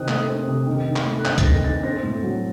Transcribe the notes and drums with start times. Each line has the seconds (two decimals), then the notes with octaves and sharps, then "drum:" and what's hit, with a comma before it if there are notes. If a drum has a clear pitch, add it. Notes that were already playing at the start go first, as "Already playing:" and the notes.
Already playing: C3 D#3 C4 D#6 F#6
0.08 A3, drum: clap
0.28 C4
0.48 C3
0.66 D#3
0.86 D#3
0.96 drum: clap
1.06 A3
1.20 F#6
1.25 C4 G6, drum: clap
1.38 A6, drum: kick C2, hi-hat
1.45 D#3 A#6
1.64 D#3 A6
1.83 C4 A#6
2.03 A2
2.23 F#3